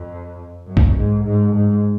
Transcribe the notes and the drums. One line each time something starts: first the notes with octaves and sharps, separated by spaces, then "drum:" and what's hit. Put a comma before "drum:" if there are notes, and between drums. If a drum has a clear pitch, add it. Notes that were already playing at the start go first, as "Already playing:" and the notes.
Already playing: F2
F#2
drum: kick B1
G#2
G#2
G#2